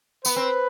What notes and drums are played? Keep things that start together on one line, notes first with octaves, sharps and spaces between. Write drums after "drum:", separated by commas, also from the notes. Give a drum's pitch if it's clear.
B3 B4, drum: tambourine
C4